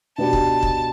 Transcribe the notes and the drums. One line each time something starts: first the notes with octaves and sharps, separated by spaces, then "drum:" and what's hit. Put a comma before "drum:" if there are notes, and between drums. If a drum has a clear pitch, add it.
B2 B3 D4 G4 A5
drum: kick
drum: kick